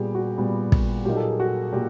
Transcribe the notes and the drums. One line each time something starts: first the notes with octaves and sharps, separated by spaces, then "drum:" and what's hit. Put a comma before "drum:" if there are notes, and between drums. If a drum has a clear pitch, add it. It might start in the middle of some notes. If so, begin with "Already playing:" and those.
Already playing: A#2 G3 B3 G4 G#4
F#4
A#2 G3 B3
drum: kick
A#2 F#3 A#3 D#4 G4
A4
G#4
G4
F#4
A#2 F#3 A#3 G4